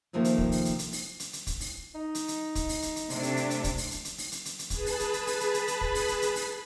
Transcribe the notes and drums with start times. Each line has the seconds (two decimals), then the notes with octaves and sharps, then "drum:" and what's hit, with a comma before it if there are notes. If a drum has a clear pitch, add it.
0.13 C3 D#3 F3 A3 A#3
0.25 drum: hi-hat
0.38 drum: kick
0.52 drum: open hi-hat
0.65 drum: hi-hat
0.79 drum: hi-hat
0.92 drum: open hi-hat
1.20 drum: hi-hat
1.33 drum: hi-hat
1.47 drum: kick, hi-hat
1.60 drum: open hi-hat
1.95 D#4
2.15 drum: hi-hat
2.28 drum: hi-hat
2.55 drum: kick, hi-hat
2.69 drum: open hi-hat
2.82 drum: hi-hat
2.96 drum: hi-hat
3.10 C3 A3 D4, drum: open hi-hat
3.23 drum: hi-hat
3.37 drum: hi-hat
3.50 drum: hi-hat
3.64 drum: kick, hi-hat
3.78 drum: open hi-hat
3.91 drum: hi-hat
4.05 drum: hi-hat
4.18 drum: open hi-hat
4.32 drum: hi-hat
4.45 drum: hi-hat
4.59 drum: hi-hat
4.70 G#4 B4 A5 B5, drum: kick, hi-hat
4.86 drum: open hi-hat
5.00 drum: hi-hat
5.13 drum: hi-hat
5.27 drum: open hi-hat
5.40 drum: hi-hat
5.54 drum: hi-hat
5.68 drum: hi-hat
5.81 drum: kick
5.95 drum: open hi-hat
6.08 drum: hi-hat
6.22 drum: hi-hat
6.35 drum: open hi-hat